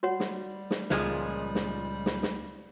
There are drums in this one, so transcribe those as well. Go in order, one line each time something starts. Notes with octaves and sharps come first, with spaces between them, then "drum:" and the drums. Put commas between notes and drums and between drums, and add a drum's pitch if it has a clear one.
G3 F#4 C#5 F#5
drum: snare
drum: snare
C#2 A#2 F3 G#3, drum: snare
drum: snare
drum: snare
drum: snare